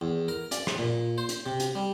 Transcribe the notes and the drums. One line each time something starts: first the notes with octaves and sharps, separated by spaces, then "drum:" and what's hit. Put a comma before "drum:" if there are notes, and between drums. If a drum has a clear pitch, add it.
E2
A#4
D5, drum: hi-hat
drum: rim click
A#2
C5
drum: hi-hat
C3
drum: hi-hat
G3